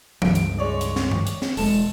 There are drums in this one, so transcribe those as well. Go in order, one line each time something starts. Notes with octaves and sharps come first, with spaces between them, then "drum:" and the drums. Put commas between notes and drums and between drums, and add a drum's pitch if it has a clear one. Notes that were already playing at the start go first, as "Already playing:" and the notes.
C#2 G2 D7, drum: tom E3
drum: hi-hat
G#3 C#5 D5
drum: hi-hat
drum: snare
drum: tom G2
drum: hi-hat
drum: snare
E1 G#3 A4 E7, drum: open hi-hat